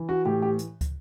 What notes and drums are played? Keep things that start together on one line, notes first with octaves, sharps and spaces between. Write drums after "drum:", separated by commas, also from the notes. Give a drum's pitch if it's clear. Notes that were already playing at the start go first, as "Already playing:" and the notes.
Already playing: E3
F#4
A2 G4
G4
drum: hi-hat
drum: kick, hi-hat